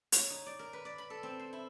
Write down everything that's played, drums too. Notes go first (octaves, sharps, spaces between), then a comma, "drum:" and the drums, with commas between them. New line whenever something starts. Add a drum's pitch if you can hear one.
C#5, drum: hi-hat
D#4
D5
A#4
B4
D5
B5
A4
C4
C5
E4